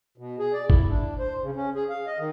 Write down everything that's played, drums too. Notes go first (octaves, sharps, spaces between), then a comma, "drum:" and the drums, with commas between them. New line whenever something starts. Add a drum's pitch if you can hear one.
B2
G#4
D5
E4, drum: kick
D4
C5
C#3
C#4
G#4
F5
D#5
D#3